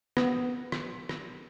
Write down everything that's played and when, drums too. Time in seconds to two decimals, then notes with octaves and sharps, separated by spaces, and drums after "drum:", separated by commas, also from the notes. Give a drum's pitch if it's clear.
0.17 B3, drum: rim click
0.72 drum: rim click
1.09 drum: rim click